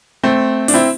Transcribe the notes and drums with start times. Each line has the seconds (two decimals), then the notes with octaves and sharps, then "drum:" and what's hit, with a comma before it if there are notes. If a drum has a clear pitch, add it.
0.23 A3 C4
0.68 D4, drum: open hi-hat
0.74 C4 E4